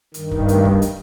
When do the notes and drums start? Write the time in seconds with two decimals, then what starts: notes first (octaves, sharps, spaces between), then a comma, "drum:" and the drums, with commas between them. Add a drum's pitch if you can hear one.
0.14 G2 D#3, drum: hi-hat
0.31 drum: kick
0.49 A3, drum: hi-hat
0.65 drum: kick
0.82 drum: hi-hat